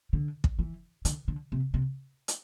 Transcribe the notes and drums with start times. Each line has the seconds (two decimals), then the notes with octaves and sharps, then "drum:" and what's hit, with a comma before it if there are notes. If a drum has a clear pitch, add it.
0.13 D3
0.44 drum: kick
0.59 E3
1.05 D3, drum: hi-hat
1.28 D3
1.52 C3
1.74 C3
2.28 drum: hi-hat